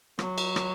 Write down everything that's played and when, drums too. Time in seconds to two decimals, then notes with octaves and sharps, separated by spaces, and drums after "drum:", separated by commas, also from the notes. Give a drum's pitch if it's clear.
0.19 F#3, drum: rim click
0.38 drum: cymbal
0.56 drum: rim click